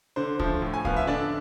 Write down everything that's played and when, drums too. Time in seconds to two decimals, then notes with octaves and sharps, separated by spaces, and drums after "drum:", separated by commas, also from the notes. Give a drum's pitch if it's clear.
0.16 D3 C5
0.40 F3 A3, drum: kick
0.62 A2
0.74 G#5
0.85 F3 B3 F5, drum: kick
0.96 E5
1.07 D3 D4 D5